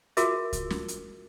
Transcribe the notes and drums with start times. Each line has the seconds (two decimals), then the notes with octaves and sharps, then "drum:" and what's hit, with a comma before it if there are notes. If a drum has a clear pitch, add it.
0.17 F4 F#4 G#4 A#4 E5, drum: hi-hat
0.53 drum: kick C#2, hi-hat
0.70 drum: snare
0.88 drum: hi-hat